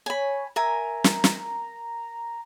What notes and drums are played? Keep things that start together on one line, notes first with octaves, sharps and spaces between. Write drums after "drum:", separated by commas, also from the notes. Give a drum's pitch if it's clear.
C#5 G#5 B5
A#4 E5 G#5 A#5
drum: snare
drum: snare